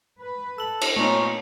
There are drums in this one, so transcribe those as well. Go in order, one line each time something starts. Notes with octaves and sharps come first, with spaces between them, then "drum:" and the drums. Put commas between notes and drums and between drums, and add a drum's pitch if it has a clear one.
B4
A4 E6 F#7
drum: cymbal
A#2 A3 B3 D#4 C#5 C#6